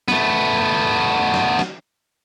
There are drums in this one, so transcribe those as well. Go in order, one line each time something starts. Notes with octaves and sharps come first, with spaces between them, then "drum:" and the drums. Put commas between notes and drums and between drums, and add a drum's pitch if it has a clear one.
A3 B3, drum: snare
drum: snare
drum: snare